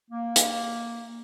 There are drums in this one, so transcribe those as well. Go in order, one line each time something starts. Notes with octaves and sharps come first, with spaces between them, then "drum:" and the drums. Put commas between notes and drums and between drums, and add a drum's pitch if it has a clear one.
A#3
drum: hi-hat